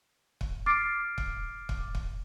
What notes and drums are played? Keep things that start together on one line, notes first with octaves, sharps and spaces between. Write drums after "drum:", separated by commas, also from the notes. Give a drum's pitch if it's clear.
drum: kick
D6 F6 A6 C7 D7
drum: kick
drum: kick
drum: kick